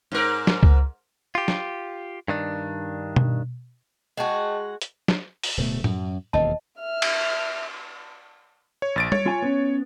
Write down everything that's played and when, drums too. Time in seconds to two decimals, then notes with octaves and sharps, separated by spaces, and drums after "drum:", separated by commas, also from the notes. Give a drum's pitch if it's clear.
0.12 G#2 A#4
0.47 drum: snare
0.63 drum: kick C#2
1.35 F4 G4
1.48 drum: snare
2.28 G2 D#3 D4
3.16 drum: tom B2
4.17 G#3 F#4 D#5 G5 A5
4.82 drum: hi-hat
5.08 drum: snare
5.43 drum: open hi-hat
5.57 D1 B2 A3
5.84 F#2, drum: tom A2
6.33 E1 D#2 D#5 A5
6.80 E5 F6
7.02 drum: cymbal
8.82 C#5
8.96 A#1 A6 D7
9.12 C#5, drum: tom G3
9.26 F4 G#5
9.42 B3 C#4